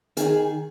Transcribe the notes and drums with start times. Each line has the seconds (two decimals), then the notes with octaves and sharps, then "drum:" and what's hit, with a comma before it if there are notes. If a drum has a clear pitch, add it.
0.17 D#3 G#4, drum: hi-hat